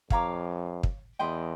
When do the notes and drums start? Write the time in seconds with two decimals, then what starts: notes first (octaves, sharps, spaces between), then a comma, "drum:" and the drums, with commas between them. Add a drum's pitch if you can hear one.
0.10 F2 C#5 F5 A#5 D6, drum: kick
0.83 drum: kick
1.19 E2 B4 D#5 G5 C6